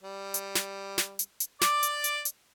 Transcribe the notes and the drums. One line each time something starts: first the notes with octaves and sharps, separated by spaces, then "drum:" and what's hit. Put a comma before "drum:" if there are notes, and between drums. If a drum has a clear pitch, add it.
G3
drum: hi-hat
drum: snare
drum: snare
drum: hi-hat
drum: hi-hat
D5 D6, drum: snare
drum: hi-hat
drum: hi-hat
drum: hi-hat